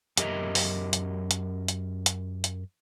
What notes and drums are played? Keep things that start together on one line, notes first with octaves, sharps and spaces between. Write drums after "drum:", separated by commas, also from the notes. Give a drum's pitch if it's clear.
F#2 G4 A#4 D#5 E5 A#5, drum: hi-hat
drum: open hi-hat
drum: hi-hat
drum: hi-hat
drum: hi-hat
drum: hi-hat
drum: hi-hat